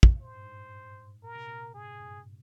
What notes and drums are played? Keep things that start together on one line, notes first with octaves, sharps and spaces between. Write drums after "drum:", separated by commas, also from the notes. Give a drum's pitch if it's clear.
drum: kick
A#2 C5
G#2
G2
G#2
A#2 A#4
C3
A#2
G#2 G#4
G2